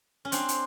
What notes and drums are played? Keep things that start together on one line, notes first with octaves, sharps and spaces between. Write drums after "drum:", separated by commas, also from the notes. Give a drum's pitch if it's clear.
C#4
C4 D4 C6, drum: hi-hat
drum: hi-hat